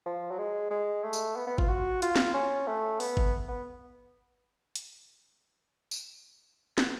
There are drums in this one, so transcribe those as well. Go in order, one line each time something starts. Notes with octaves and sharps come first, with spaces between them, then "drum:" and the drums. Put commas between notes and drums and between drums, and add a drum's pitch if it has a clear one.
F3
F#3
G#3
G#3
A3
drum: tambourine
B3
B3
F4, drum: kick G1
F#4
F4, drum: hi-hat
drum: snare
C#4
A3
B3, drum: open hi-hat
drum: kick G1
B3
drum: hi-hat
drum: tambourine
drum: snare